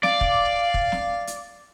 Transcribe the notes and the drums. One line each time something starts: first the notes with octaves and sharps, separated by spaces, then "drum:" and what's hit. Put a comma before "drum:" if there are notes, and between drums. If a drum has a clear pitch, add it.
D5 F5, drum: snare
drum: kick
drum: kick
drum: snare
drum: hi-hat